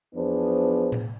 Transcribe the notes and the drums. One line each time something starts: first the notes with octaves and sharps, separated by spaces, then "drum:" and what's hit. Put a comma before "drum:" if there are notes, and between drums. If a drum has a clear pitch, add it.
E2 F3 B3 D4 G#4 C5
drum: tom A2